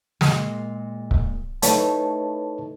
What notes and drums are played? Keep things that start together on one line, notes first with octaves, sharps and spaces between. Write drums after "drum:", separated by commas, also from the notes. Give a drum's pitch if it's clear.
A#2 G#3, drum: snare
drum: kick C#1
A3 D#4 E4 B4 C#5 A5, drum: hi-hat